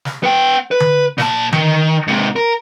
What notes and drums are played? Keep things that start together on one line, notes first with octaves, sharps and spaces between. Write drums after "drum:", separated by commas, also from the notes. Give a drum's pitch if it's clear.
drum: snare
B3 G5
B4
drum: tom D3
A#2 A5, drum: snare
D#3, drum: tom D3
G#2 C3
A#4